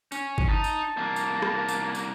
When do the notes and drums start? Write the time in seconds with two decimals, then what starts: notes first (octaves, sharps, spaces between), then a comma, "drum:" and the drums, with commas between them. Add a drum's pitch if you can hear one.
0.12 C#4, drum: tambourine
0.38 drum: kick G1
0.49 D#4 A5
0.64 drum: tambourine
0.97 C2 A#3
1.16 drum: tambourine
1.42 drum: rim click
1.68 drum: tambourine
1.95 drum: tambourine